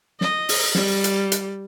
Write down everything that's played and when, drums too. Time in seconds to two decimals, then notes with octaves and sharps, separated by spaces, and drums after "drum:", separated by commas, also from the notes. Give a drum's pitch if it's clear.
0.21 D#5, drum: snare
0.49 drum: open hi-hat
0.75 G3, drum: snare
1.04 drum: hi-hat
1.32 drum: hi-hat